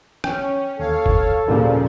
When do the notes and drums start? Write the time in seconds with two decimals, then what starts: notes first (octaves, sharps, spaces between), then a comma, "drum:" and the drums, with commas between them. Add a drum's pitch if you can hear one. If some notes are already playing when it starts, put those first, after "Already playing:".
0.24 C#4 G5, drum: rim click
0.79 D#2 A4 C#5 F5
1.06 drum: kick
1.48 D#2 A#2 C#3 F3 A#4 D5